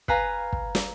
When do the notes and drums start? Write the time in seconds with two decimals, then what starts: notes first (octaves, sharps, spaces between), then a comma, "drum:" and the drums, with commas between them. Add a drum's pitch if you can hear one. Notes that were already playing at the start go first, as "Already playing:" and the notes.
0.08 B4 F5 G#5 A#5, drum: kick
0.53 drum: kick
0.75 drum: snare